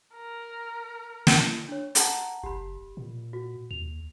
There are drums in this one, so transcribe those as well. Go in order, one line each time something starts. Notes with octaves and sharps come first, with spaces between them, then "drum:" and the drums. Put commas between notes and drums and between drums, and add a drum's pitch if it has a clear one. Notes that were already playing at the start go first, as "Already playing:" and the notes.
A#4
drum: snare
D4 C#5
F#5 A5 A#5, drum: hi-hat
F#1 G4 B5
A#2
F#4
D#2 F7